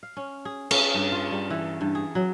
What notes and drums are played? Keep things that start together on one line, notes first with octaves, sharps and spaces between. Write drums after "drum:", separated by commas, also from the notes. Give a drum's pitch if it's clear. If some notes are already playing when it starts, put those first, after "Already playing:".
F5
C#4
G#4
C#4, drum: cymbal
G2
F4
G3
E3
G2
G#4
F#3